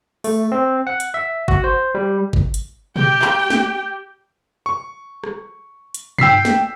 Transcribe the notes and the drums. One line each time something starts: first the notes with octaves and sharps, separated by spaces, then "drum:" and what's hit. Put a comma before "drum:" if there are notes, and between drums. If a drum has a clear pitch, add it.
A3, drum: open hi-hat
C4
F#5
drum: hi-hat
E5
F#4, drum: kick G1
C5
G3
drum: kick G1
drum: hi-hat
G4 G5, drum: tom
drum: clap
drum: snare
C#6
drum: rim click
drum: hi-hat
G5 E6 B6 C7, drum: tom G2
drum: snare